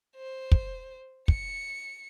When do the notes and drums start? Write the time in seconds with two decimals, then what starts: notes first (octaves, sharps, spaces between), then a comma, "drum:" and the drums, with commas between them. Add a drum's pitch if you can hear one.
0.16 C5
0.52 drum: kick
1.28 C#7, drum: kick